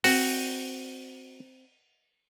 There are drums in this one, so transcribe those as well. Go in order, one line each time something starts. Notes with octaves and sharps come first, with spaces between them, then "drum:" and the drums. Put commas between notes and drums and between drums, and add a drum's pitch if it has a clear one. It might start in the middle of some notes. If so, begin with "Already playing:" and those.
C4 F#4, drum: open hi-hat